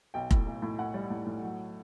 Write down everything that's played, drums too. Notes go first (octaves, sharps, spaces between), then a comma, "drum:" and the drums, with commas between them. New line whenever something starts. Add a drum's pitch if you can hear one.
B1 G5
A2, drum: kick F1
B1
A2
A2 F#5
G3
A2
A2
F#3